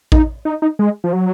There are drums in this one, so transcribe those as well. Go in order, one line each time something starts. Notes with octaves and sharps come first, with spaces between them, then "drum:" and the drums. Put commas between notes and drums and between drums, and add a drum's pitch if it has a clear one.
D#4, drum: kick A1
D#4
D#4
G#3
F3
F#3